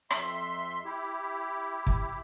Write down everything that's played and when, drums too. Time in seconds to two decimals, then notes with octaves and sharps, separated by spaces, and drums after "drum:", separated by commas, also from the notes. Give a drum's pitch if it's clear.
0.10 F2 E5 C6, drum: rim click
0.85 E4 G4
1.87 drum: kick